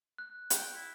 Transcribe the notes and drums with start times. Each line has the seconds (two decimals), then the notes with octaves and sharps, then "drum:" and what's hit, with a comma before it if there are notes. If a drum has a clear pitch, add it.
0.18 F#6
0.50 G5, drum: hi-hat
0.75 E4